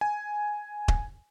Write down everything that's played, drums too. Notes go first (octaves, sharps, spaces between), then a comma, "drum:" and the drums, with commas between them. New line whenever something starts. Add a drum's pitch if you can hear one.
G#5
drum: kick D#1